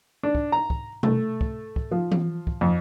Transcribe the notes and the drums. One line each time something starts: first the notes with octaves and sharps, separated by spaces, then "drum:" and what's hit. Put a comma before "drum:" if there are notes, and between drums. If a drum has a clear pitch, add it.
D4
drum: kick
A#5
drum: kick
A3, drum: tom B2
drum: kick
drum: kick
F3
drum: tom E3
drum: kick
F2